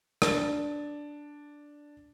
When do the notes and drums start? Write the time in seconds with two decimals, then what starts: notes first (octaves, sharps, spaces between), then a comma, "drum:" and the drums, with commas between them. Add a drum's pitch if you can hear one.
0.22 D4 A6, drum: rim click